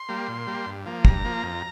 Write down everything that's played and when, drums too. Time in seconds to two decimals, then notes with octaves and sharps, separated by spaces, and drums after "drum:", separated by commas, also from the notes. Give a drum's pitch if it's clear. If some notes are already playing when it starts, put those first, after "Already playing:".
Already playing: C6
0.09 G3 A#3
0.28 A#2
0.47 G3 A#3
0.66 G2
0.86 F3 A#3
1.05 G2 A#5, drum: kick
1.24 F3 A#3
1.43 F2